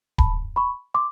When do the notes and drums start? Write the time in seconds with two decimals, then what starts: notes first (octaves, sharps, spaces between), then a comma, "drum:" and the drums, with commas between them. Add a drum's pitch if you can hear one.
0.18 A5 B5, drum: kick D1
0.56 B5 C#6
0.94 C6 D6